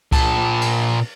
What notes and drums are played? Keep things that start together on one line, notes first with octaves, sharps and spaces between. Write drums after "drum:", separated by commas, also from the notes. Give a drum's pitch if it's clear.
A#2 A5, drum: kick C2, cymbal
drum: cymbal